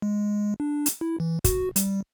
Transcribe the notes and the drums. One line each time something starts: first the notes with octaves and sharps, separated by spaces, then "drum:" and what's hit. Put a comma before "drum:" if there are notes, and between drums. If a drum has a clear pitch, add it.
G#3
D4
drum: hi-hat
E4
E3
F#4, drum: kick, hi-hat
G3, drum: hi-hat